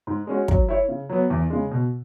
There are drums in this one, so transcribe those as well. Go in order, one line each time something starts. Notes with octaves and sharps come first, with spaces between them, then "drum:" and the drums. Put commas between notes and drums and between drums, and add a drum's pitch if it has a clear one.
G#2
G#3 C#4 F#4
F#3, drum: kick
E4 C#5
C#3
F#3 B3
E2
C#3 G#3
B2